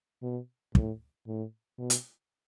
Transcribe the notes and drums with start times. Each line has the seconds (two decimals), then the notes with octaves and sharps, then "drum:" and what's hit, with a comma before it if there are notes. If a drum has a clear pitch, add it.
0.22 B2
0.75 A2, drum: kick
1.27 A2
1.79 B2
1.90 drum: hi-hat